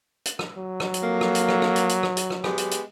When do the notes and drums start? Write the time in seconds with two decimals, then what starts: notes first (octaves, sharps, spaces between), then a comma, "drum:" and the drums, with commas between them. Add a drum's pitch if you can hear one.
0.26 drum: hi-hat
0.39 drum: rim click
0.58 F#3
0.80 drum: rim click
0.94 drum: hi-hat
1.03 F2 A#3
1.21 drum: rim click
1.35 drum: hi-hat
1.48 drum: rim click
1.62 drum: rim click
1.76 drum: hi-hat
1.89 drum: hi-hat
2.03 drum: rim click
2.17 drum: hi-hat
2.30 drum: rim click
2.44 G#3 B3 G4, drum: rim click
2.58 drum: hi-hat
2.71 drum: hi-hat